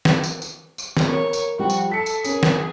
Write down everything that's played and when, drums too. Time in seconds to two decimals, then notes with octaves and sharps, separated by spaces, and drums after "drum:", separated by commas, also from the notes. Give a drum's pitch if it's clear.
0.05 drum: snare
0.24 drum: tambourine
0.42 drum: tambourine
0.78 drum: tambourine
0.97 drum: snare
1.08 A#3 C#5
1.33 drum: tambourine
1.59 F3 G3 F#4
1.70 drum: tambourine
1.92 A4 B6 C#7
2.06 drum: tambourine
2.24 C#4 G#4 A#4, drum: tambourine
2.43 drum: snare